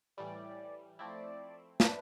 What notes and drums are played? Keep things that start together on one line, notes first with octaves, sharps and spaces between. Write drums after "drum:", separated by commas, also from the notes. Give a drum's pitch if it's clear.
A2 E3 G3 D5
F3 A3 C4 E4 D5
F3 A3 D4 B4, drum: snare